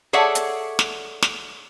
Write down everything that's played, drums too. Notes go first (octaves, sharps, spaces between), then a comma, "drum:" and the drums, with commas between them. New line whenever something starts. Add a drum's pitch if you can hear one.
G#4 A4 C#5 D5 E5 F#5
drum: hi-hat
drum: snare
drum: snare